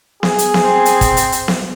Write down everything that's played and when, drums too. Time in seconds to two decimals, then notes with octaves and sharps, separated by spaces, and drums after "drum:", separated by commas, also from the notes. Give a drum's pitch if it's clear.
0.23 G#4, drum: snare B3
0.38 drum: hi-hat
0.54 drum: snare B3
0.64 C4
0.85 drum: hi-hat
1.01 drum: kick, hi-hat
1.17 drum: hi-hat
1.32 drum: hi-hat
1.48 drum: snare B3